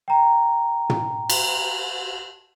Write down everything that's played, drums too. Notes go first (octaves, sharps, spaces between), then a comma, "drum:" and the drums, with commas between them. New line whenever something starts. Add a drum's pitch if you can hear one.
G5 A#5
drum: tom
drum: cymbal